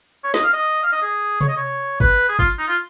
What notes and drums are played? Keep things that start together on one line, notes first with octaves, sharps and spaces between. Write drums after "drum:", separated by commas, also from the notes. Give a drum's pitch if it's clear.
C#5
D#5, drum: snare
F5
D#5
F5
D#5
G#4
C#5, drum: tom C3
D#5
C#5
B4, drum: kick
G#4
F4, drum: kick
D#4
F4